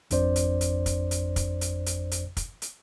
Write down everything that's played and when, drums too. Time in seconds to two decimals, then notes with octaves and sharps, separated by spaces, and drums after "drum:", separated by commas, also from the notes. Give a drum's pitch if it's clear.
0.11 G#1 F2 D4 C5 D5, drum: hi-hat
0.36 drum: hi-hat
0.61 drum: hi-hat
0.86 drum: kick, hi-hat
1.11 drum: hi-hat
1.36 drum: kick, hi-hat
1.61 drum: hi-hat
1.86 drum: hi-hat
2.11 drum: hi-hat
2.37 drum: kick, hi-hat
2.62 drum: hi-hat